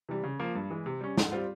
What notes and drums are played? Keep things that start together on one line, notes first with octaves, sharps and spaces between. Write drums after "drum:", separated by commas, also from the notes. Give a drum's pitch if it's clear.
C3 E3 G3
C#3
F3 A#3
G2
E3 G#3
C3
G3 C#4
G#2, drum: snare
G3 C4 F4